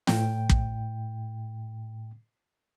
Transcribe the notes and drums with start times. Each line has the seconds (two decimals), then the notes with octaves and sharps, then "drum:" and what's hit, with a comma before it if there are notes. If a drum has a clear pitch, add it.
0.07 A2 G5, drum: snare
0.49 drum: kick